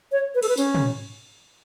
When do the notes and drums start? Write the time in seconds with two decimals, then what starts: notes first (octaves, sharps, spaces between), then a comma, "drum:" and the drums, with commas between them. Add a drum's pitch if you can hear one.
0.12 C#5
0.35 B4
0.42 A4, drum: cymbal
0.49 B4
0.57 C#4, drum: tambourine
0.75 drum: tom